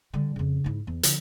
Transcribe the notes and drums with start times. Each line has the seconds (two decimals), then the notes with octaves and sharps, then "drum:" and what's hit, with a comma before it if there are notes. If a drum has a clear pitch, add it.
0.13 D3 G3
0.36 F2 C#3
0.64 G#2 E4
0.87 E2
1.03 D3 F3, drum: hi-hat